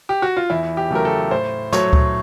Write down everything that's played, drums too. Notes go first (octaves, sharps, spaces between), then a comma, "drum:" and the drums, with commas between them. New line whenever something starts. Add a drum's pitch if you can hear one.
G4
F#4
F4
E2 E4
G4
C#3 F#3 A3 A#4
A4
A2 C5
F#3 A3 C#5, drum: snare
drum: kick C#2